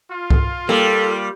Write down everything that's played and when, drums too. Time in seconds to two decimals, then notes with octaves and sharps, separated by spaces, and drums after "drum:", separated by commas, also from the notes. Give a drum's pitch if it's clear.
0.11 F4
0.30 drum: kick C2
0.69 G3 A#3 A4